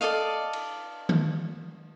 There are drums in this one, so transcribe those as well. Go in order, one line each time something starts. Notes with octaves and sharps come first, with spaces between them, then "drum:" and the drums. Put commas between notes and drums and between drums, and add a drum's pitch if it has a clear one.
A4 D5 D#5 F5
drum: cymbal
drum: tom D#3